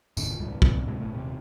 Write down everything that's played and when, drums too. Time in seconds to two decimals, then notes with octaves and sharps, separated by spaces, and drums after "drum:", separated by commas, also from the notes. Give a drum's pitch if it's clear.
0.17 F1 D#2 A2 C#3, drum: tambourine
0.38 D#1 C#2 G#2 G3
0.62 D#1 D#2 G3 C4, drum: kick
0.85 D2 A2 C3 G#3
1.00 E1 A1 A2 A3
1.12 D#1 C3